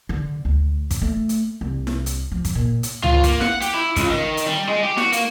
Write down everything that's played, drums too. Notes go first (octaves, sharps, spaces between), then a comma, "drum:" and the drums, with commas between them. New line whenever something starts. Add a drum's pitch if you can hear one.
D3
D2
drum: kick, hi-hat
A3
drum: hi-hat
C2
drum: snare E4
drum: hi-hat
F3
drum: kick, hi-hat
A#2
drum: hi-hat
F4, drum: tom C#2
A#3, drum: kick, hi-hat
F#5, drum: snare E4
G4, drum: hi-hat
E4
C#2, drum: kick, hi-hat
D#3
drum: hi-hat
G3
G#3
G4
F#4, drum: snare E4
A#3, drum: hi-hat